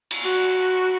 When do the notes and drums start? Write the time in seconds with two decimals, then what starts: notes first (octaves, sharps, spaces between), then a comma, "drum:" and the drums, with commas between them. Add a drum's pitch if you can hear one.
0.11 drum: cymbal
0.22 F#4